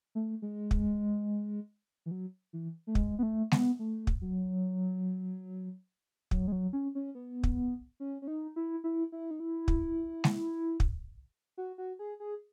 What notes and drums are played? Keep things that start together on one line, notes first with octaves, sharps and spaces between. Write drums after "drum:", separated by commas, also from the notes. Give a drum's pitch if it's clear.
A3
G#3
drum: kick
E3
F#3
E3
A3
G#3, drum: kick
B3
A3
B3, drum: snare
A3
drum: kick
F#3
F#3, drum: kick
G#3
F#3
C#4
C#4
B3
drum: kick
C#4
C#4
D#4
E4
E4
E4
D#4
E4
drum: kick
drum: snare
drum: kick
F#4
F#4
G#4
G#4